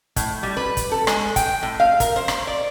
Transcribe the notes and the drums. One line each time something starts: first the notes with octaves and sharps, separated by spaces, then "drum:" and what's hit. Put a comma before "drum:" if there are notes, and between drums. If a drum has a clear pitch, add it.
A2, drum: kick, hi-hat
G3
B4
drum: kick, hi-hat
A4
G#3, drum: rim click
G5, drum: kick, hi-hat
A2
F5
A#4, drum: kick, hi-hat
C5
drum: rim click
D5